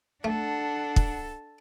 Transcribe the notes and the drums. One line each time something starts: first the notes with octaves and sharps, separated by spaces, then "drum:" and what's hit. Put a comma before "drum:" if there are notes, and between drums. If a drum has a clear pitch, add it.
A3 D4 A4 F#5
drum: kick